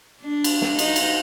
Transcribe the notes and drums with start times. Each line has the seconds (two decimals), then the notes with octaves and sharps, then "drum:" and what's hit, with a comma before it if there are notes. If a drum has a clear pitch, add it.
0.22 D4
0.44 drum: cymbal
0.61 drum: snare
0.79 D#4, drum: cymbal
0.96 drum: cymbal